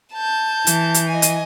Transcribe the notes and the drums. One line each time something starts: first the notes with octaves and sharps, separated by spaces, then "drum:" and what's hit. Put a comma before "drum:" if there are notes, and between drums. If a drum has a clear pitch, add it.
A5 G6
E3, drum: hi-hat
drum: hi-hat
D#5 G#5
drum: hi-hat